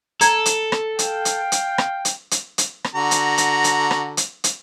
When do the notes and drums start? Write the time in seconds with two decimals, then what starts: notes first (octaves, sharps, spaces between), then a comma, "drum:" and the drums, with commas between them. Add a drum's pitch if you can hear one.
0.21 A4 A#5 G#6, drum: hi-hat
0.46 drum: hi-hat
0.72 drum: rim click
0.99 F5 G5, drum: hi-hat
1.25 drum: hi-hat
1.52 drum: hi-hat
1.78 drum: rim click
2.05 drum: hi-hat
2.31 drum: hi-hat
2.58 drum: hi-hat
2.84 drum: rim click
2.95 D3 F#4 A#5
3.11 drum: hi-hat
3.38 drum: hi-hat
3.64 drum: hi-hat
3.91 drum: rim click
4.17 drum: hi-hat
4.44 drum: hi-hat